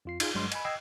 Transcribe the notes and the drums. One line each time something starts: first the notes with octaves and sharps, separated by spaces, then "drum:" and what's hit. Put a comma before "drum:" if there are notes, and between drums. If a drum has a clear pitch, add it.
F2 F4 C7
D#4 F4 G#4, drum: cymbal
G1 G2 F#3 G#3 C6
D#5 G#5 B5, drum: cymbal
D#5 G5 E6 G#6 C7